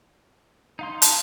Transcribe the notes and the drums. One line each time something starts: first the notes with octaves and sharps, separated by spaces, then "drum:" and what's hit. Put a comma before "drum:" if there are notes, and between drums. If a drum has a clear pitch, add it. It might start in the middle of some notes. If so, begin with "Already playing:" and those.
D#4 F5 C6
A5, drum: hi-hat